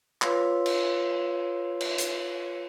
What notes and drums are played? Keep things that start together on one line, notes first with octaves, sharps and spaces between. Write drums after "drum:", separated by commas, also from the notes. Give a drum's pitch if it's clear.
F4 B4 C#5 F5 C6 E6, drum: clap
drum: cymbal
drum: cymbal
drum: hi-hat